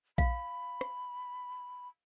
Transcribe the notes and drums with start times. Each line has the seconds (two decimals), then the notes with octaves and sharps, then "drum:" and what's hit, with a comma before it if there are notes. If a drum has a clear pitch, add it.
0.18 F5 B5, drum: kick A#1
0.81 drum: rim click